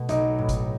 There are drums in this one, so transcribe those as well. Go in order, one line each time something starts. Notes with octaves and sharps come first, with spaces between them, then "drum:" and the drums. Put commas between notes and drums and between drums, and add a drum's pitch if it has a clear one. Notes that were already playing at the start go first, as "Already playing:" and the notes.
Already playing: B2 A3
B1 D#4, drum: hi-hat
A2
drum: kick G#1, hi-hat